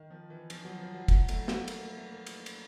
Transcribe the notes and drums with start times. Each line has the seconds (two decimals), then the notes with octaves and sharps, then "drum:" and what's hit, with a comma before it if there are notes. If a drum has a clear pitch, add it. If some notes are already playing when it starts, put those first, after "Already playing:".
Already playing: D#3
0.10 F3
0.30 E3
0.50 F3, drum: cymbal
0.64 F#3
0.79 F3
0.94 F#3
1.08 F#3, drum: kick, cymbal
1.28 A3, drum: cymbal
1.48 A3, drum: snare
1.68 A#3, drum: cymbal
1.82 A#3
1.97 A3
2.12 A#3
2.27 drum: cymbal
2.46 drum: cymbal